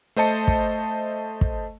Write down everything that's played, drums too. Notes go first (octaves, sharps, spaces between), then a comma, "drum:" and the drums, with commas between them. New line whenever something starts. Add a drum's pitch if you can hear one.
A3 C5 D#5 A5 C#7
drum: kick
drum: kick